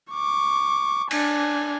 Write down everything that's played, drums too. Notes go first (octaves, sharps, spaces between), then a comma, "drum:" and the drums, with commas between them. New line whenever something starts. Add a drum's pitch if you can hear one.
C#6 D6
D4 G#5, drum: cymbal